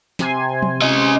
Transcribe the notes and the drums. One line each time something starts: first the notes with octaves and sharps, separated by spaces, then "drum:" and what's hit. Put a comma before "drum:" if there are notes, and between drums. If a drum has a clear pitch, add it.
C3 G#5 C6, drum: snare
drum: tom F3
C#4 D#5